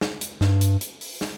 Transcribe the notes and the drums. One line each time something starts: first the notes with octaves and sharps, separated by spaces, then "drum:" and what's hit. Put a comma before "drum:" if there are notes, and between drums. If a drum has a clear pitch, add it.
drum: snare
drum: hi-hat
G2, drum: snare
drum: hi-hat
drum: hi-hat
drum: open hi-hat
drum: snare